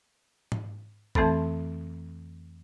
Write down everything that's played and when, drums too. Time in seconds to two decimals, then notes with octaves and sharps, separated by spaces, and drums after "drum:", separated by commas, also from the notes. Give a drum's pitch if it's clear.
0.52 drum: tom G#2
1.15 F2 E3 A3 C4 A4 B5, drum: kick